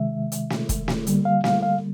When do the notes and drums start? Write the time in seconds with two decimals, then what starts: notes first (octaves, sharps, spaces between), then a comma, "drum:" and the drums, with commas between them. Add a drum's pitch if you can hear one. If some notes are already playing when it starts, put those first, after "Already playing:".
Already playing: C3 D#3 G#3 E5
0.32 drum: hi-hat
0.50 drum: snare
0.69 drum: kick, hi-hat
0.88 drum: snare
1.07 D3 G3 A#3, drum: hi-hat
1.25 F5
1.44 F5, drum: snare
1.63 F5